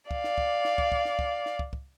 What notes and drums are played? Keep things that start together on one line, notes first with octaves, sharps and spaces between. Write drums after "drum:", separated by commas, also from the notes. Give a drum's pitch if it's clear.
D5 F5, drum: kick
drum: snare
drum: kick
drum: snare
drum: kick
drum: kick
drum: snare
drum: kick
drum: snare
drum: kick
drum: kick